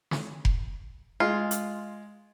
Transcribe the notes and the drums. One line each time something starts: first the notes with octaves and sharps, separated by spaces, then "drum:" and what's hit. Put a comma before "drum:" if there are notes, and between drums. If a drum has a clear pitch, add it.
drum: snare
drum: kick F1
G#3 F4
drum: hi-hat